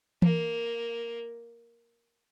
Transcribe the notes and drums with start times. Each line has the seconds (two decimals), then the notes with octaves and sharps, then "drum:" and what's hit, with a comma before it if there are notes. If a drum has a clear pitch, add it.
0.22 A#3, drum: tom E3